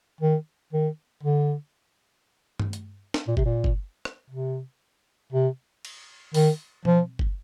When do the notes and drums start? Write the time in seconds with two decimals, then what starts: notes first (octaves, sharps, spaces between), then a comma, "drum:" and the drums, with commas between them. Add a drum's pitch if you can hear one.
0.21 D#3
0.73 D#3
1.23 D3
2.60 drum: tom G2
2.73 drum: hi-hat
3.14 drum: snare
3.28 A#2
3.37 C3, drum: kick F#1
3.46 A#2
3.64 drum: kick F#1
4.05 drum: rim click
4.30 C3
5.33 C3
5.85 drum: cymbal
6.34 D#3, drum: open hi-hat
6.85 F3, drum: tom B2
7.19 drum: kick F#1